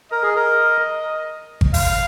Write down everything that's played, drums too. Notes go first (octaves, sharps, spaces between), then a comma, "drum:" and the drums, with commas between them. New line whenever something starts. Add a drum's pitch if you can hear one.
A#4 D#5
G#4
A#4
drum: kick G#1
F5, drum: open hi-hat